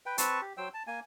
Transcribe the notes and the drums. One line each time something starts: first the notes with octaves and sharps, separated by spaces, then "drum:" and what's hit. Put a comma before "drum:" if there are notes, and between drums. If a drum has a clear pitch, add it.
B4 G5
C4 B4 A5 C#6, drum: hi-hat
G4
F#3 C5 G5 E6
A5
A#3 G#5